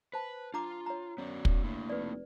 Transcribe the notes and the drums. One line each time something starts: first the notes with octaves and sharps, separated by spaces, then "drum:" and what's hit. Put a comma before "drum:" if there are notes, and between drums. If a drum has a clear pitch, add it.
B4 C5 A5
D4 F4 A#5 D6
C#5 A#5
F#2 B3 F#4 C#5 D5
drum: kick
D2 A#3 E4
F1 B4 D5